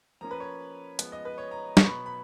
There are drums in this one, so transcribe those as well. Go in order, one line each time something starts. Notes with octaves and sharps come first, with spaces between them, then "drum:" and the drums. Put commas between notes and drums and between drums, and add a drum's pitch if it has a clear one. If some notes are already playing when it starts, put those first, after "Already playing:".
F3 A#3 C#4 A#5
B4
C#5
F3 G#3 B3, drum: hi-hat
D#5
B4
C#5
A#5
B2 F#3 B3 C#6, drum: snare
B5
B5